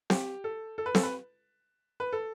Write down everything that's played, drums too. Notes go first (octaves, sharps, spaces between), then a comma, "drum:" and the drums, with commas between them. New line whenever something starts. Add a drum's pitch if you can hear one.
G4, drum: snare C4
A4
A4
B4
A4, drum: snare C4
B4
B4
A4